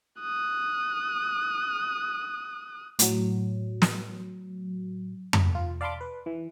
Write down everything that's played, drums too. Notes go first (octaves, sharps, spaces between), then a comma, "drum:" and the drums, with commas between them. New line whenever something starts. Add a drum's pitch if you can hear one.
D#6 F#6
A2 F#3, drum: hi-hat
drum: snare
drum: tom F2
F4
D5 F5 A5 B5 C6 D6
B4
E3